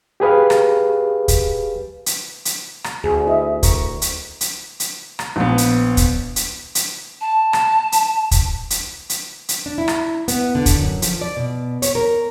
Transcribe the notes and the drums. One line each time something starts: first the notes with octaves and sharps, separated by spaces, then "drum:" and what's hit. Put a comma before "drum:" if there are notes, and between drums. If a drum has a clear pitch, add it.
G4 G#4 B4 F5
drum: rim click
drum: kick, hi-hat
drum: hi-hat
drum: hi-hat
drum: rim click
D2 G#4
E4 D#5 E5
A#4 A#5 C#6, drum: kick, hi-hat
drum: hi-hat
drum: hi-hat
drum: hi-hat
drum: rim click
A#1 B3
drum: hi-hat
drum: kick, hi-hat
drum: hi-hat
drum: hi-hat
A5
drum: rim click
drum: hi-hat
drum: kick, hi-hat
drum: hi-hat
drum: hi-hat
drum: hi-hat
D4
E4
drum: rim click
B3, drum: hi-hat
D3
drum: kick, hi-hat
F#2
F3, drum: hi-hat
D5
B2
C#5, drum: hi-hat
A#4